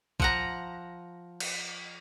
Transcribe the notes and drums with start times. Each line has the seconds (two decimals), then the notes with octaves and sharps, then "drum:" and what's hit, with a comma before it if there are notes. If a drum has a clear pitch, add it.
0.20 F3 F#5 A#5, drum: kick A#1
1.40 drum: cymbal